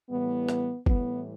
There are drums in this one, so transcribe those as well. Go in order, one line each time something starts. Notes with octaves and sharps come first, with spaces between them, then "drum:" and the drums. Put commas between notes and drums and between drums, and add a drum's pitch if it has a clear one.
A2 E3 G3 B3
drum: rim click
A2 E3 G3 B3, drum: kick F#1